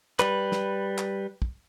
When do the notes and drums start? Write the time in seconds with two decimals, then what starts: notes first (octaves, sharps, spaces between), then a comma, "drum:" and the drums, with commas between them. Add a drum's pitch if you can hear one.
0.19 G3 B4, drum: clap
0.52 drum: snare
0.98 drum: clap
1.42 drum: kick